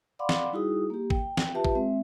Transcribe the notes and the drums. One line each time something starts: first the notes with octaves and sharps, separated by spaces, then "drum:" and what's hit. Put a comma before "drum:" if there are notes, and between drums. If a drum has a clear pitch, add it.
D5 F5 F#5 B5 C6 D6
drum: snare
G3 D#4 E4 F#4 G#4 D#6
A#3 G4
G5, drum: kick A1
drum: snare
F4 G4 B4 E5 A5
drum: kick A1
G#3 C4 E5